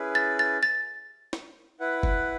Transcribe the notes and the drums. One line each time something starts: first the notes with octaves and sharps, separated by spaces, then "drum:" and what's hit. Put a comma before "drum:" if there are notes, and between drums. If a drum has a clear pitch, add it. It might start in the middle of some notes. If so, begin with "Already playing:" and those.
Already playing: C#4 E4 G#4 B4
A6
A6
A6
drum: snare
E4 B4 F#5
drum: kick